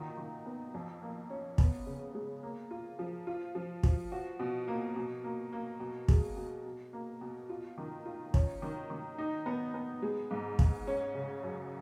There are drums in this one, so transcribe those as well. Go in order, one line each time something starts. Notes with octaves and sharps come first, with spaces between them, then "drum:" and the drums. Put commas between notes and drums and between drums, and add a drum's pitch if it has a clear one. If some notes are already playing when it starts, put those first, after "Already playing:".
Already playing: A#2 D#3 F#4
D#3
B3
F2
A#3
C#4
B3, drum: kick
C#3
G#3
A#3
F4
F3
F4
F3
F3, drum: kick
F#4
B2
A#3
B2
A#3
A#3
B2
G#3, drum: kick
B2
B2
A#3
B2
F4
D#3
F4
C#4, drum: kick
D#3
D#3
D#4
B3
B3
G#3
G#2
G#2, drum: kick
C#4
C#3
F#2